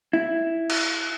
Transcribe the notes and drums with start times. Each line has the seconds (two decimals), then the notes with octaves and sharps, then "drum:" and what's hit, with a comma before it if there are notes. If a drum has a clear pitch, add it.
0.13 E4
0.70 drum: cymbal